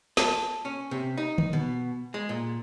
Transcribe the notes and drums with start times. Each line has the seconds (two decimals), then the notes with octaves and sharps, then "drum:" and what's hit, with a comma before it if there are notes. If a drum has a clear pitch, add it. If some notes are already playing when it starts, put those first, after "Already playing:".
0.17 A4, drum: snare
0.65 C#4
0.91 C3
1.17 D#4
1.38 drum: tom D3
1.53 B2
2.14 G#3
2.29 A#2